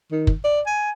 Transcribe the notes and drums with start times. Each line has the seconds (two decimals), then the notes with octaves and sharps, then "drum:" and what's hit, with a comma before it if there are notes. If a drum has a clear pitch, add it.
0.12 D#3
0.27 drum: kick
0.45 D5
0.67 G#5